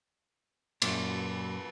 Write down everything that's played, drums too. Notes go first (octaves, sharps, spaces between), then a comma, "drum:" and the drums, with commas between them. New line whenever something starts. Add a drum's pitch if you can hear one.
F#2 A#2, drum: cymbal